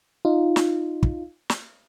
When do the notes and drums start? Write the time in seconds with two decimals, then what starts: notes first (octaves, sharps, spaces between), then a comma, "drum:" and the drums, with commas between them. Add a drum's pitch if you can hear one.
0.25 D#4 F4
0.56 drum: snare
1.03 drum: kick
1.50 drum: snare